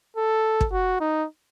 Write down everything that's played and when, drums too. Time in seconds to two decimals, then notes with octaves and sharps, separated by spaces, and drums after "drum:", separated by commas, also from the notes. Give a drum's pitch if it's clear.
0.17 A4
0.61 drum: kick
0.72 F#4
1.00 D#4